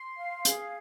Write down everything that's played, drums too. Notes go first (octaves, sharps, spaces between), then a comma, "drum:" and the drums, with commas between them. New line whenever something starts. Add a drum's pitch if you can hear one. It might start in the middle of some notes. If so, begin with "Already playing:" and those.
Already playing: C6
F5
G#4, drum: hi-hat